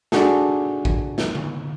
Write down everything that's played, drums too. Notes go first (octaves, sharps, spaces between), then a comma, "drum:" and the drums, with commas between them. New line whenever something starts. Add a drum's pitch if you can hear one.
D4 F#4 G#4 A4, drum: snare
drum: kick A1
drum: snare
drum: tom D3